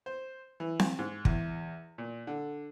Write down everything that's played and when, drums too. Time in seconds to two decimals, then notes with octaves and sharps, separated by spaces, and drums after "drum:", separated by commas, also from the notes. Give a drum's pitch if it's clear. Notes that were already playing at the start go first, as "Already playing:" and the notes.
0.06 C5
0.60 E3
0.80 drum: snare C4
0.99 G#2
1.25 E2, drum: kick
1.98 A#2
2.27 D3